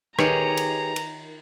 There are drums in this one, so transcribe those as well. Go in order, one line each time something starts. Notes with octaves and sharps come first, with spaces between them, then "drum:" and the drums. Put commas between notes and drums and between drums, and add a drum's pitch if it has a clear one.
D#3 G4 G#4 B4 C#5 A#5, drum: rim click
drum: cymbal
drum: cymbal